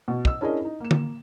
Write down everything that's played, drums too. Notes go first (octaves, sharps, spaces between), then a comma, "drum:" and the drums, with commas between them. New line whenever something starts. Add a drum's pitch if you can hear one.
B2
D#5 E6, drum: kick
C#4 D4 E4 G#4 A#4 D#5
D#4
A#3 E7
drum: tom D3